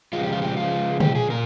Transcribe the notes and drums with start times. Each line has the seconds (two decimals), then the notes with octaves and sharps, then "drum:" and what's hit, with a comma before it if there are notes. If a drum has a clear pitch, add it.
0.13 C#3 F3 G#3 F4
0.23 G4
0.32 F4
0.42 G4
0.57 F4
1.00 G4, drum: tom
1.15 G#4
1.30 A#2 A#4